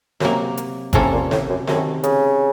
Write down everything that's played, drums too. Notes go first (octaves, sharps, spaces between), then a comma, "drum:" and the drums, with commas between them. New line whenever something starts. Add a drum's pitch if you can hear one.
F#2 C3 F#3 A#3, drum: snare
drum: hi-hat
A2 C3 F3 A#3 C#4 A4, drum: kick G#1, hi-hat
A#2
A2, drum: snare
F#2
F#2 C3 D#3 A3, drum: snare
C#3, drum: hi-hat